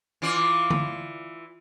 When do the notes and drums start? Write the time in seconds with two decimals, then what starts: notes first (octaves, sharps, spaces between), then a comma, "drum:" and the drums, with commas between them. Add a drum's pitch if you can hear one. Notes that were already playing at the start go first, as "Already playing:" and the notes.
0.22 E3 F4 D5
0.70 drum: tom D3